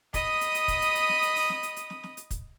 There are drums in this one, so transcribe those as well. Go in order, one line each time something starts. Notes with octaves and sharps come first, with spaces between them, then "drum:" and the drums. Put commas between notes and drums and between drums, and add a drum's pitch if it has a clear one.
D#5 B5 D#6, drum: kick, hi-hat
drum: hi-hat
drum: hi-hat
drum: kick, hi-hat
drum: hi-hat
drum: hi-hat
drum: snare
drum: hi-hat
drum: open hi-hat
drum: snare
drum: hi-hat
drum: hi-hat
drum: snare
drum: snare
drum: hi-hat
drum: kick, hi-hat